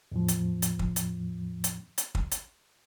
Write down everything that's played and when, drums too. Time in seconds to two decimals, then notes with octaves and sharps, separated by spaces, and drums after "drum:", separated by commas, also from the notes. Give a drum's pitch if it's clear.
0.12 E2 A2 F3
0.28 drum: hi-hat
0.62 drum: hi-hat
0.79 drum: kick
0.96 drum: hi-hat
1.64 drum: hi-hat
1.98 drum: hi-hat
2.15 drum: kick
2.32 drum: hi-hat